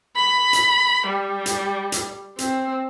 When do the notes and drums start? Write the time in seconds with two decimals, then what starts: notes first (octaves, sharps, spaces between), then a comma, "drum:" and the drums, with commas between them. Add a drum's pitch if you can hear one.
0.16 B5
0.53 drum: hi-hat
1.07 G3
1.46 drum: hi-hat
1.92 drum: hi-hat
2.39 C4, drum: hi-hat